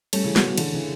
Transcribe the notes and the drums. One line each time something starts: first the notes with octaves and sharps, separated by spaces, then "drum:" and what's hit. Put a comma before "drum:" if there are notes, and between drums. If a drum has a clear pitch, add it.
G3 A3 C#4, drum: cymbal
C#3 E3
B3 F#4, drum: snare
C#3
D3 E3, drum: cymbal
C#3 E3